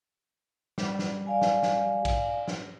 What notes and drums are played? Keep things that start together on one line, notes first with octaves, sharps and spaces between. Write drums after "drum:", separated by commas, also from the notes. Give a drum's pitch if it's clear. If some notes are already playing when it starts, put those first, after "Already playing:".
G3, drum: snare
drum: snare
D5 F5 G#5
drum: snare
drum: snare
drum: kick, cymbal
drum: snare